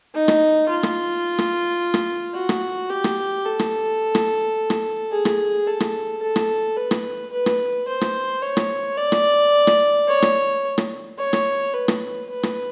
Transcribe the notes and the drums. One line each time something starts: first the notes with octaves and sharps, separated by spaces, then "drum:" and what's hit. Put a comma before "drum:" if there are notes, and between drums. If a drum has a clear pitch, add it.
D#4
drum: rim click
F4
drum: rim click
drum: rim click
drum: rim click
F#4
drum: rim click
G4
drum: rim click
A4
drum: rim click
drum: rim click
drum: rim click
G#4
drum: rim click
A4
drum: rim click
A4
drum: rim click
B4
drum: rim click
B4
drum: rim click
C5
drum: rim click
C#5
drum: rim click
D5
drum: rim click
drum: rim click
C#5
drum: rim click
drum: rim click
C#5
drum: rim click
B4
drum: rim click
B4
drum: rim click